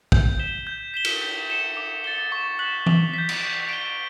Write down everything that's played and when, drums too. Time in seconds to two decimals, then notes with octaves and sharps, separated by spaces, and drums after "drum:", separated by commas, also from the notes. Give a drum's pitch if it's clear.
0.12 G6, drum: kick
0.39 B6 E7 G7
0.67 G6
0.94 B6 E7 G7
1.05 drum: cymbal
1.21 G6
1.49 C#7 E7 G7
1.77 D6
2.04 A6 C#7 G7
2.32 C#6
2.59 F#6 B6 F#7
2.86 D6, drum: tom E3
3.14 G6 B6
3.29 drum: cymbal
3.41 G6
3.69 D7 G7